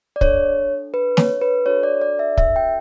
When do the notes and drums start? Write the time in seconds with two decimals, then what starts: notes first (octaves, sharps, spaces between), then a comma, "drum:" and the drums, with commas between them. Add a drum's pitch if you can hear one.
0.16 D5
0.21 D4 A4 C#5, drum: kick
0.94 B4
1.17 C#5, drum: snare
1.41 B4
1.66 D4 F#4 A4 C#5
1.83 D5
2.02 D5
2.19 E5
2.37 E5, drum: kick
2.56 G5